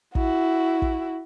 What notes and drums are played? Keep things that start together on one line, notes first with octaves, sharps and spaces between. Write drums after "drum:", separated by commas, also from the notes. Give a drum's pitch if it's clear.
E4 F#4, drum: kick
drum: kick